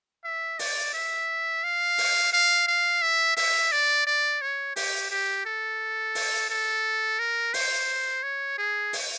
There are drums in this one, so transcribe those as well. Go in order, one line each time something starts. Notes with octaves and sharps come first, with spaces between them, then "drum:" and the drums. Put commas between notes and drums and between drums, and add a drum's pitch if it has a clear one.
E5
D5, drum: open hi-hat
E5
F5
drum: open hi-hat
F5
F5
E5
E5, drum: open hi-hat
D5
D5
C#5
G4, drum: open hi-hat
G4
A4
drum: open hi-hat
A4
A#4
C5, drum: open hi-hat
C#5
G#4
drum: open hi-hat